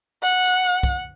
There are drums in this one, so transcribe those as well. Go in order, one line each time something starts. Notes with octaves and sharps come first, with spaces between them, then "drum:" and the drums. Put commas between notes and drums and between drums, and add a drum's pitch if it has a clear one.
F#5, drum: tambourine
drum: tambourine
drum: tambourine
drum: kick, tambourine